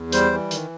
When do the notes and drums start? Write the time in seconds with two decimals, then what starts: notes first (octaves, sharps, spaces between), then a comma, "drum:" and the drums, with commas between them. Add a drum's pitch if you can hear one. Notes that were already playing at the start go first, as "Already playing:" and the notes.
Already playing: E2
0.12 G3 C5, drum: hi-hat
0.32 E3
0.51 D#3, drum: hi-hat